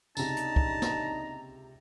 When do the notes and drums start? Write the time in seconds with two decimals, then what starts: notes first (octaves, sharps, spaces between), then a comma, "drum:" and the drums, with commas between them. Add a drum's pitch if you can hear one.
0.17 C#2 A2 C3 D4 D#4 A5 A#5, drum: tambourine
0.36 drum: hi-hat
0.56 drum: kick
0.82 drum: snare